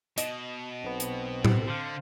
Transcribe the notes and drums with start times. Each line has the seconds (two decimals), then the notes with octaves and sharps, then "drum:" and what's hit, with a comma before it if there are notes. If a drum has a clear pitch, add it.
0.18 B2 D#5, drum: hi-hat
0.84 B1 B3 C4
1.00 drum: hi-hat
1.45 drum: tom A2
1.68 D3 C5 F5